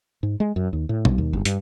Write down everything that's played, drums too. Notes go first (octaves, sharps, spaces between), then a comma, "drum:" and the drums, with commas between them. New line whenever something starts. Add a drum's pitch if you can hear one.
G#2
G#3
F#2
D#2
A2
B1, drum: tom
D#2
G1
G2, drum: hi-hat